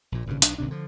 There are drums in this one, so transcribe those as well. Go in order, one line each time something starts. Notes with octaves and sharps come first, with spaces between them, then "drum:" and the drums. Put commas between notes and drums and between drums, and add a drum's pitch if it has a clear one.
A#1 A#2
G#1 G2 A#2 C#3
B1 D4, drum: hi-hat
G#1 D2 C3 D4
D3 F3